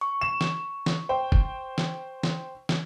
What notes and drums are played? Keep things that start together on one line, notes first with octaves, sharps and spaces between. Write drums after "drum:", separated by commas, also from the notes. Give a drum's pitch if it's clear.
C#6
E7
drum: snare
drum: snare
C5 G5
drum: kick F#1
drum: snare
drum: snare
drum: snare